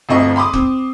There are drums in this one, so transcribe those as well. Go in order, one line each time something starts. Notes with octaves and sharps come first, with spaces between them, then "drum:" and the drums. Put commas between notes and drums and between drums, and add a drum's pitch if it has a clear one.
G1 D2 C4 D#5 C#6
B5 C6 D6 D#6
C4, drum: kick